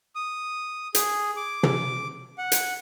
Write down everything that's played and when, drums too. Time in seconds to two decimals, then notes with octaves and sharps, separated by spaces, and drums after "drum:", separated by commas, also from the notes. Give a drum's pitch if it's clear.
0.15 D#6
0.95 G#4, drum: hi-hat
1.36 D6
1.63 drum: tom
2.38 F#5
2.52 drum: hi-hat